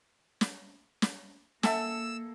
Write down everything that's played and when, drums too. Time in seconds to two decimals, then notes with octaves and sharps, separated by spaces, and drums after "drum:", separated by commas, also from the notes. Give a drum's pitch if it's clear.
0.41 drum: snare
1.02 drum: snare
1.63 A#3 A4 E5 F#5 G#5 E6, drum: snare